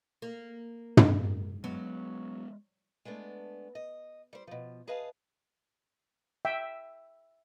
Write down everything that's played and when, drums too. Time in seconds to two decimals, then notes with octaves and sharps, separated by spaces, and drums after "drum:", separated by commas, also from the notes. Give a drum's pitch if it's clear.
0.22 A#3
0.97 drum: tom
1.64 F#3 G#3 B3
3.05 G#3 A3 B3 D4
3.75 D#5
4.33 G3 C5
4.47 B2 F3
4.88 G#4 B4 D#5 F5 A5
6.45 E5 G5